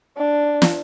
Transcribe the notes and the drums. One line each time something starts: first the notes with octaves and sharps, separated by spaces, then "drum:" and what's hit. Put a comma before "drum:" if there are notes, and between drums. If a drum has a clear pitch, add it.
D4
drum: snare